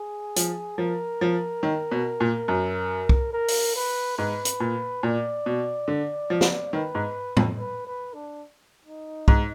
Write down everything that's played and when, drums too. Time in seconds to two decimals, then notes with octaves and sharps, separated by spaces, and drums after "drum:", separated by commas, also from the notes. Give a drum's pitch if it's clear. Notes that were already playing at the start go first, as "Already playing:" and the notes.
Already playing: G#4
0.36 F3, drum: hi-hat
0.78 F3 A#4
1.21 F3
1.63 D#3
1.91 B2
2.20 A#2
2.48 F#2
3.09 drum: kick
3.33 A#4
3.48 drum: open hi-hat
3.76 B4
4.18 G#2 B4
4.45 drum: hi-hat
4.60 A#2
5.03 A#2 D5
5.46 B2
5.88 D3
6.30 F3
6.41 drum: snare
6.73 D#3 B4
6.95 G#2
7.37 F2, drum: tom A2
7.58 B4
7.87 B4
8.14 D4
8.85 D#4
9.28 G#2, drum: kick